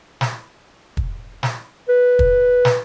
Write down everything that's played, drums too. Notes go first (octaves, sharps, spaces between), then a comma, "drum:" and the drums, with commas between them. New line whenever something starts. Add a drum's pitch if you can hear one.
drum: snare
drum: kick
drum: snare
B4
drum: kick
drum: snare